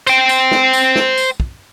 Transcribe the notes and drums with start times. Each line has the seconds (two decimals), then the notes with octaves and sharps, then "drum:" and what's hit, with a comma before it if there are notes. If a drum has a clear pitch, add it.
0.07 C5 G5, drum: tambourine
0.29 drum: tambourine
0.51 drum: snare
0.73 drum: tambourine
0.96 drum: snare
1.18 drum: tambourine
1.40 drum: kick